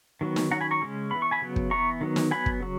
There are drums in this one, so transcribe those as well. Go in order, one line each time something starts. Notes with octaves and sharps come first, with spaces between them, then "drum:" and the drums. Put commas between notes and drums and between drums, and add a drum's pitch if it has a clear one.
D#3 F#3 B3
drum: snare
D#3 F#3 C#4 F#5 A#5
G#5 B5
A#5 C#6
C#3 G#3 C#4
E3 B3 B5
C#6
G#5 B5
C#3 F#3 B3
drum: kick
E3 B3 A#5 C#6
D#3 F#3 B3
drum: snare
F#3 B3 G#5 B5
drum: kick
C#3 F#3